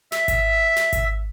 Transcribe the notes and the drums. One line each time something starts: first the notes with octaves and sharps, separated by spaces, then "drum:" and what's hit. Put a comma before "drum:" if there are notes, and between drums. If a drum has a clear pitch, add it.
E5, drum: snare
drum: kick G#1, hi-hat
drum: snare
drum: kick G#1, hi-hat